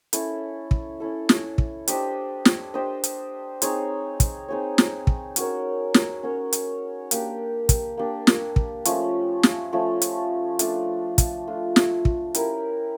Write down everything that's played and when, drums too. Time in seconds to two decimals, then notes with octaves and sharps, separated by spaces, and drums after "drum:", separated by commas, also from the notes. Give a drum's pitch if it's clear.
0.13 C#4 E4 A4, drum: hi-hat
0.71 drum: kick
1.00 C#4 E4 A4
1.29 drum: snare
1.58 drum: kick
1.88 D4 G4 C5 D#5, drum: hi-hat
2.45 drum: snare
2.74 D4 G4 C5 D#5
3.04 drum: hi-hat
3.62 C4 D#4 G#4 C#5, drum: hi-hat
4.20 drum: kick, hi-hat
4.48 C4 D#4 G#4 C#5
4.78 drum: snare
5.07 drum: kick
5.36 C#4 F#4 A#4 C#5, drum: hi-hat
5.94 drum: snare
6.23 C#4 F#4 A#4 C#5
6.53 drum: hi-hat
7.11 A#3 D4 G4, drum: hi-hat
7.69 drum: kick, hi-hat
7.97 A#3 D4 G4
8.27 drum: snare
8.56 drum: kick
8.85 F3 A3 C#4, drum: hi-hat
9.43 drum: snare
9.73 F3 A3 C#4
10.02 drum: hi-hat
10.59 A3 D4 F4, drum: hi-hat
11.18 drum: kick, hi-hat
11.47 A3 D4 F4
11.76 drum: snare
12.05 drum: kick
12.34 C#4 E4 G4 A#4, drum: hi-hat